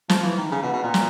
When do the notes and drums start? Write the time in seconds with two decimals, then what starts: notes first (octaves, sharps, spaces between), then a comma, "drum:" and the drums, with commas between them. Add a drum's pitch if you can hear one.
0.09 F3, drum: snare
0.23 E3
0.38 D#3
0.51 C#3
0.62 B2
0.73 B2
0.84 A#2
0.94 drum: snare